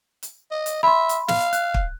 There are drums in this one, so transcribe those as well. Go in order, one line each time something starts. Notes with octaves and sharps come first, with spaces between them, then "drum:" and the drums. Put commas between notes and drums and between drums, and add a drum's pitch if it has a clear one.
drum: hi-hat
D#5
drum: hi-hat
E5 B5 C6
drum: hi-hat
F5, drum: snare
F#6, drum: hi-hat
drum: kick